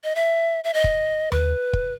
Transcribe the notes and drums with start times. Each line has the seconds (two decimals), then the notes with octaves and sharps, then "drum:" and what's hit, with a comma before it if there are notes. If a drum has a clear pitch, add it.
0.04 D#5
0.15 E5
0.64 E5
0.74 D#5
0.84 drum: kick
1.32 B4, drum: tom D#2
1.73 drum: kick